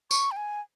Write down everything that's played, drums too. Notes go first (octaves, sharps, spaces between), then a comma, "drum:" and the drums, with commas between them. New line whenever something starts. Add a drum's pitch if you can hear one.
C#6, drum: tambourine
G5
G#5